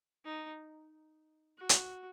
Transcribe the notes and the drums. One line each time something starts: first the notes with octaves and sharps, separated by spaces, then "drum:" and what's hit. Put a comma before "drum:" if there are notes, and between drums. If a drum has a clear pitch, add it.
D#4
F#4
drum: hi-hat